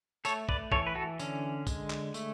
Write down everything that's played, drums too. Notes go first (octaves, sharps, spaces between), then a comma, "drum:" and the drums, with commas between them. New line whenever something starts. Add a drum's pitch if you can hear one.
A3 A4 C#5, drum: tambourine
B4 D5, drum: kick
E3 A4 C#5, drum: kick
B4
F#4 A4
D3 C#4, drum: tambourine
G#3, drum: kick, tambourine
drum: clap
A3, drum: tambourine